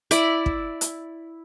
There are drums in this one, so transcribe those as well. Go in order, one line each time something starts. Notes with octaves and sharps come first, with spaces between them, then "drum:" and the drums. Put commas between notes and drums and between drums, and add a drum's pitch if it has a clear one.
E4 D5, drum: hi-hat
drum: kick
drum: hi-hat